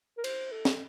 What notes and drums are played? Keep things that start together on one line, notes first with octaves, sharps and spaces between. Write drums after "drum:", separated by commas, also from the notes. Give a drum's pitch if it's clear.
A#4
C5, drum: cymbal
A4
drum: snare